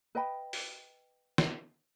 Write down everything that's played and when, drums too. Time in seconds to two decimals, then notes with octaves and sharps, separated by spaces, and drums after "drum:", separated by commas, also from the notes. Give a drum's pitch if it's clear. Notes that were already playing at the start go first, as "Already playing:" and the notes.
0.15 B4 D#5 G5 B5
0.53 drum: open hi-hat
1.38 drum: snare